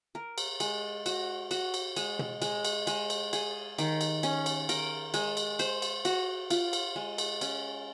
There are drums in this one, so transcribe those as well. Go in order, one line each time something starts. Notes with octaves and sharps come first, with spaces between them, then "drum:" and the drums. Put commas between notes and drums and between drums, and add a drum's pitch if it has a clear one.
A#4
drum: cymbal
G#3, drum: cymbal
F#4, drum: cymbal
F#4, drum: cymbal
drum: cymbal
G#3, drum: cymbal
drum: tom
G#3, drum: cymbal
drum: cymbal
G#3, drum: cymbal
drum: cymbal
G#4, drum: cymbal
D#3, drum: cymbal
drum: cymbal
C#4, drum: cymbal
drum: cymbal
A#4, drum: cymbal
G#3, drum: cymbal
drum: cymbal
C5, drum: cymbal
drum: cymbal
F#4, drum: cymbal
F4, drum: cymbal
drum: cymbal
G#3
drum: cymbal
C#4, drum: cymbal